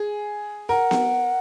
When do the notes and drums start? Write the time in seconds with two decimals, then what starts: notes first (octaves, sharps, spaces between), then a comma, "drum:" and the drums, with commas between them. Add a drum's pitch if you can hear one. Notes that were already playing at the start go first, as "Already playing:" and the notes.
Already playing: G#4
0.69 A#4 F#5
0.91 drum: snare B3